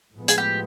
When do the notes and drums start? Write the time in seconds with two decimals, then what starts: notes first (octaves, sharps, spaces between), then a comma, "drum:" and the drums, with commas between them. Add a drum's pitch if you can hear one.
0.15 A2 F3 G#3 B3
0.28 G#4, drum: hi-hat
0.38 G4